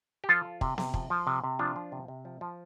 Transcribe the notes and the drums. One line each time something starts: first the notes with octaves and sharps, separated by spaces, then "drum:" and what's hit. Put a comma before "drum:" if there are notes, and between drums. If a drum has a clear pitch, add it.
G4
F3 F4 A4
F3
C3, drum: kick
C3, drum: snare B3
F3, drum: kick
F3
C3
C3
F3 D4 F4
F3
C3
C3
F3
F3